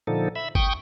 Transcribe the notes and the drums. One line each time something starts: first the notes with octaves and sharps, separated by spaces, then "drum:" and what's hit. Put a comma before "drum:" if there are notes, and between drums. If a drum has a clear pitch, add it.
A#2 D3 F3 D#4 A4
E5 B5
G5 C#6 D#6, drum: kick G1